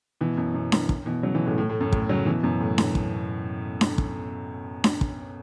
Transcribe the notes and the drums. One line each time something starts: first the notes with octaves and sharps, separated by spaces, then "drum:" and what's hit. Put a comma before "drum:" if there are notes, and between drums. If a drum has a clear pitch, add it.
B2 E3
F#2 B2
F#2 B2
F#2 B2, drum: snare D4
drum: kick
B2 E3
C#3 F#3
B2 E3
A2 C#3
A2
A2
F#2
A2, drum: kick
C#3 F#3
B2 E3
F#2 B2
A2
drum: snare D4
drum: kick
drum: snare D4
drum: kick
drum: snare D4
drum: kick